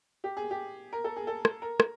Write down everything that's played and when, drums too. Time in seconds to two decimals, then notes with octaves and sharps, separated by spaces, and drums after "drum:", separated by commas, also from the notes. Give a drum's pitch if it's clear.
0.24 G4
0.37 G#4
0.51 G4
0.93 A#4
1.04 A4
1.16 G#4
1.27 A4
1.45 drum: rim click
1.62 A#4
1.80 drum: rim click